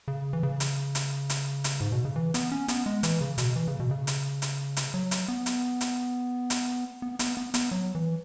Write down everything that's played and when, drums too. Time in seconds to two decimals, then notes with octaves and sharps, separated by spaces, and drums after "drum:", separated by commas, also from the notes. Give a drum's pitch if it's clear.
0.08 C#3
0.33 E3
0.43 C#3
0.60 drum: hi-hat
0.95 drum: hi-hat
1.30 drum: hi-hat
1.64 drum: hi-hat
1.81 G#2
1.92 B2
2.05 C#3
2.16 E3
2.34 B3, drum: hi-hat
2.52 C#4
2.68 B3, drum: hi-hat
2.86 G#3
3.03 E3, drum: hi-hat
3.21 C#3
3.38 B2, drum: hi-hat
3.56 E3
3.68 C#3
3.80 B2
3.91 C#3
4.07 drum: hi-hat
4.42 drum: hi-hat
4.77 drum: hi-hat
4.94 F#3
5.11 drum: hi-hat
5.28 B3
5.46 drum: hi-hat
5.81 drum: hi-hat
6.50 drum: hi-hat
7.02 B3
7.19 B3, drum: hi-hat
7.37 B3
7.54 B3, drum: hi-hat
7.71 F#3
7.95 E3